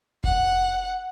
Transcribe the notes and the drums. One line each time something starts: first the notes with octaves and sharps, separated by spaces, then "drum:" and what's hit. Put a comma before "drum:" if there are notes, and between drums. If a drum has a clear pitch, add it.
F#5, drum: kick F1